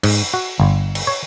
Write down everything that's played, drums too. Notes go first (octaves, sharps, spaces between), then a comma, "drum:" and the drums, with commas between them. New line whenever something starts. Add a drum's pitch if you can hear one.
G#2, drum: cymbal
F#4
G1
drum: cymbal
C#5